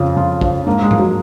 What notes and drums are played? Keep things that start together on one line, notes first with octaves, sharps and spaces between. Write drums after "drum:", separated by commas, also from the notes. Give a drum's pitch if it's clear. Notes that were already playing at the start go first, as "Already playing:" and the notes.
Already playing: F2 C#3 F3 F4
F2 F4
C#3 F3, drum: kick
G#2 A#3
G#3
F3, drum: tom G#2
F#3